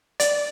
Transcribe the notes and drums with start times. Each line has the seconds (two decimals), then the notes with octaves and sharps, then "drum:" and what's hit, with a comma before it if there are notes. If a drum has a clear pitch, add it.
0.20 D5, drum: hi-hat